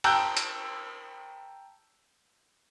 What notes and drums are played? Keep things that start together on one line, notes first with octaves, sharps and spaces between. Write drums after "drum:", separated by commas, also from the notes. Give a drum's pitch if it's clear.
G5 A5 A#5 E6 F#6 G6, drum: cymbal
drum: hi-hat